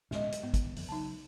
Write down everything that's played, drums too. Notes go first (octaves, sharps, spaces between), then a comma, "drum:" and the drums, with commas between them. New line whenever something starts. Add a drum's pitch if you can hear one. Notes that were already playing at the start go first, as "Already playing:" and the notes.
D1 B2 G#3 C#4 D#5, drum: snare
drum: hi-hat
G#2 B3
drum: kick, hi-hat
G1
F2 D3 F3, drum: open hi-hat
C#3 F#3 D#4 A5